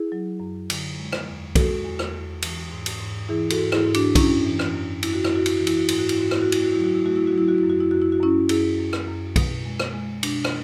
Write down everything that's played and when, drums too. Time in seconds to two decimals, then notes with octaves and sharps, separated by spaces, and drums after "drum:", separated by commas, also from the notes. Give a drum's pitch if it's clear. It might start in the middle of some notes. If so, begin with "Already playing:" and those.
Already playing: E4 G#4
0.12 F#3
0.40 F#2
0.70 D3, drum: cymbal
0.99 G#3
1.12 drum: rim click
1.28 E2
1.55 G#3 F#4 A4, drum: kick, cymbal
1.84 E2
1.99 drum: rim click
2.13 E2
2.42 E3, drum: cymbal
2.71 G#2
2.86 drum: cymbal
3.01 G#2
3.29 E3 E4 G#4
3.50 F#4 A4, drum: cymbal
3.58 G#2
3.72 E4 G#4, drum: rim click
3.87 G#2
3.94 D4 F#4, drum: cymbal
4.15 F#2 C#4 E4, drum: kick, cymbal
4.45 E3
4.59 drum: rim click
4.74 F#2
5.03 F#2 E4, drum: cymbal
5.13 F#4
5.24 E4, drum: rim click
5.31 F#2 F#4
5.46 E4, drum: cymbal
5.56 E3 F#4
5.67 E4, drum: cymbal
5.77 F#4
5.88 G#2 E4, drum: cymbal
5.99 F#4
6.09 E4, drum: cymbal
6.18 G#2 F#4
6.31 E4, drum: rim click
6.41 F#4
6.47 A3
6.52 E4, drum: cymbal
6.63 F#4
6.73 F#3 E4
6.84 F#4
6.94 E4
7.05 A3 F#4
7.16 E4
7.27 F#4
7.33 F#3 E4
7.48 F#4
7.58 F#2 E4
7.70 F#4
7.80 E4
7.91 F#2 F#4
8.02 E4
8.12 F#4
8.20 F#2 C#4 E4
8.49 F#2 E4 G#4, drum: cymbal
8.79 F#2
8.93 drum: rim click
9.07 F#2
9.36 B2, drum: kick, cymbal
9.65 G#3
9.80 drum: rim click
9.94 G#3
10.23 B2 D4, drum: cymbal
10.45 drum: rim click